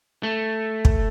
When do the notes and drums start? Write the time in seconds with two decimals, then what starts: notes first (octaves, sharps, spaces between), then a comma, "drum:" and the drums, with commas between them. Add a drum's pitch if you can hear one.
0.23 A3
0.85 drum: kick